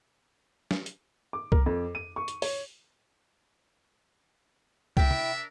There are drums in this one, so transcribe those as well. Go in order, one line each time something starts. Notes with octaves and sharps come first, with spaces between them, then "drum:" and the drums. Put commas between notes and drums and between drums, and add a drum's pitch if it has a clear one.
drum: snare
drum: hi-hat
D6
A#4, drum: kick C2
F2
D#7
C#6
drum: hi-hat
C#5, drum: open hi-hat
D4 E4 A#4 E5 G5, drum: kick C2
drum: tom